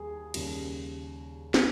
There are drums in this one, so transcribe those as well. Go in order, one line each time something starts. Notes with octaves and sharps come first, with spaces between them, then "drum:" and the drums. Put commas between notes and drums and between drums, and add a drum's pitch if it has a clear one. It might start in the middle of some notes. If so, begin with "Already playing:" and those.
Already playing: D#2 G3 G#4
D#2 C#3 G3, drum: cymbal
C5, drum: snare